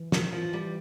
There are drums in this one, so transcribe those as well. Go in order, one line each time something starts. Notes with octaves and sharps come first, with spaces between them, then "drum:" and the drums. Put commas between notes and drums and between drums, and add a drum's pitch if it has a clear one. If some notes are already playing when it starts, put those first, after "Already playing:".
Already playing: E3
D#3, drum: snare
F3
G3